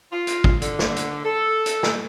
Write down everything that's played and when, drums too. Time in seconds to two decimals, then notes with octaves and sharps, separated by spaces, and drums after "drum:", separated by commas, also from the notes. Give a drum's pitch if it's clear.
0.11 F4
0.27 drum: hi-hat
0.44 drum: kick
0.62 D3, drum: hi-hat
0.79 drum: snare
0.96 drum: hi-hat
1.25 A4
1.66 drum: hi-hat
1.83 drum: snare